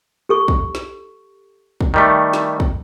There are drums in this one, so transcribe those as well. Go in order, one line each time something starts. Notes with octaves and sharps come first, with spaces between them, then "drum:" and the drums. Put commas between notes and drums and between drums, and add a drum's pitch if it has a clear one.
G4 A4 C#6
drum: kick
drum: snare
drum: kick
D#3 G3 A3
drum: snare
drum: kick